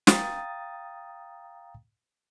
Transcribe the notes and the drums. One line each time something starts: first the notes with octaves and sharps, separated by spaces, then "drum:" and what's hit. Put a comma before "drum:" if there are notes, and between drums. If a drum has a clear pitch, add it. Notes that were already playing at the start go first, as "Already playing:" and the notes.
F5 G5 A#5 D#6 A6, drum: snare